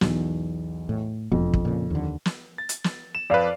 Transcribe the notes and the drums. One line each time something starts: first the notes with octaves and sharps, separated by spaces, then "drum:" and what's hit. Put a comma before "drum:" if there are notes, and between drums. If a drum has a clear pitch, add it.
B1 E2, drum: snare
A2
E1 F2
drum: kick
A#2 C#3
D#2 D3
drum: snare
A6
drum: hi-hat
drum: snare
E7
F2 B4 D5 F5